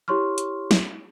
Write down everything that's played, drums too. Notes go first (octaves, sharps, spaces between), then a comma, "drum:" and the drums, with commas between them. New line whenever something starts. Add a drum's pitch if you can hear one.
E4 G4 C#5 C6 C#6 F6
drum: hi-hat
drum: snare